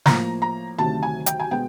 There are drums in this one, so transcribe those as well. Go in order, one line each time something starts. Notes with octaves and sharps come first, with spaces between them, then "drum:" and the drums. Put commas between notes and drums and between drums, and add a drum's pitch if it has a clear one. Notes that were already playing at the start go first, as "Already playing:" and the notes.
A2 F3 A#3 A#5, drum: snare
A#5
D2 C3 D#3 F#3 A3 A5
G#5
G5, drum: hi-hat
G#5
B2 G#3 B3 G5